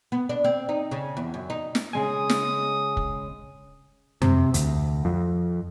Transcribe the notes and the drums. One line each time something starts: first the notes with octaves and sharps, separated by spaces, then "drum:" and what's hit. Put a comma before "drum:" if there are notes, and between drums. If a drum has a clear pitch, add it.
B3
D4
C4
D#4
C#3
E2
F#2
D#4
drum: snare
C#3 G#3 G#5 D#6
drum: snare
drum: kick
C3, drum: tom F2
D2, drum: hi-hat
F2